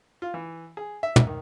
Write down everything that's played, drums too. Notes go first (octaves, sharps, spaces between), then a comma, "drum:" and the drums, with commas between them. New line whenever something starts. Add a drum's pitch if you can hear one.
F4
E3
G#4
E5
drum: tom
D#3